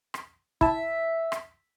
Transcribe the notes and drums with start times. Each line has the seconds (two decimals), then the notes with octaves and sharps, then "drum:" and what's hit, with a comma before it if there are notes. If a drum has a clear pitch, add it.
0.14 drum: rim click
0.61 E4 E5 A5, drum: kick
1.32 drum: rim click